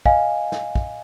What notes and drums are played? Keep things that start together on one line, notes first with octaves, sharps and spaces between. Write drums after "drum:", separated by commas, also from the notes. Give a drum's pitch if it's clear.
D#5 F5 G#5, drum: kick
drum: snare
drum: kick